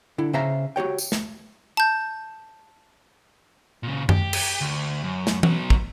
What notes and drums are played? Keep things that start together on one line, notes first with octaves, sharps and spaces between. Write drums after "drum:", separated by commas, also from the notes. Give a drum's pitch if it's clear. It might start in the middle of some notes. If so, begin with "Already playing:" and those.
D3 E4
C#3 C5 E5 F5 A#5
F#4 G4 C#5 G5
drum: tambourine
drum: snare
A5 G6
A#2 C#3
G4, drum: tom F#2
drum: cymbal
D2
F#2
drum: snare
F#3 B3, drum: tom E3
drum: kick